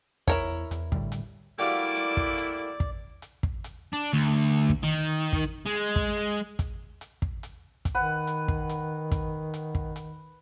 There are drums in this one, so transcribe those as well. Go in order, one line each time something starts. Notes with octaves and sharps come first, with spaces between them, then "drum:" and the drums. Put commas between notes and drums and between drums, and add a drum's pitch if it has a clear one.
E2 E4 A#4 C#5, drum: kick, hi-hat
E2, drum: hi-hat
A2 D3 G3, drum: kick
drum: hi-hat
G3 A3 A#3 E4 F#4 D5 F5 D6
drum: hi-hat
drum: kick
drum: hi-hat
drum: kick
drum: hi-hat
drum: kick
drum: hi-hat
D4
D2
drum: hi-hat
drum: kick
D#3
drum: kick
G#3
drum: hi-hat
drum: kick
drum: hi-hat
drum: kick, hi-hat
drum: hi-hat
drum: kick
drum: hi-hat
drum: kick, hi-hat
D#3 B4 F#5
drum: hi-hat
drum: kick
drum: hi-hat
drum: kick, hi-hat
drum: hi-hat
drum: kick
drum: hi-hat